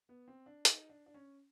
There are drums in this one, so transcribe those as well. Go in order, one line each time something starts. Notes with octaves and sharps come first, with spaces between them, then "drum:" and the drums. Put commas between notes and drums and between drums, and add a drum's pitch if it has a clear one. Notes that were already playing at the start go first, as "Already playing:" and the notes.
B3
C4
D4
D#4, drum: hi-hat
D4
D4
C#4